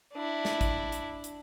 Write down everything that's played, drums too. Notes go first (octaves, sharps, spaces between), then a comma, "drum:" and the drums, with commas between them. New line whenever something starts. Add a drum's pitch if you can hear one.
D4 E4
drum: snare
drum: kick, hi-hat
drum: hi-hat
drum: hi-hat